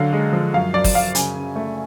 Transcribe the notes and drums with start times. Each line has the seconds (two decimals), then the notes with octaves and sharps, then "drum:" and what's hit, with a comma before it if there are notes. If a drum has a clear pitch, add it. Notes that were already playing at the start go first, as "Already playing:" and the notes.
Already playing: D3 F#3 F5
0.13 G#3
0.33 F3
0.53 F#2 F5
0.74 F#2 D5
0.84 drum: kick, open hi-hat
0.94 F#2 F5
1.15 C#3 G#5, drum: hi-hat
1.35 C#3
1.56 A3